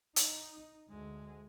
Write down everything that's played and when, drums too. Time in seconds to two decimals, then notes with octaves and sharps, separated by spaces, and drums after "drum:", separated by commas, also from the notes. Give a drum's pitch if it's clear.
0.16 D#4, drum: hi-hat
0.89 D2 G#3